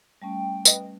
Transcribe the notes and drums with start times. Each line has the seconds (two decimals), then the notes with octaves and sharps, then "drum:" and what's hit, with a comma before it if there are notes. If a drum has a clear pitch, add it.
0.22 G3 A3 C#4 G5
0.65 B4 D#5, drum: tambourine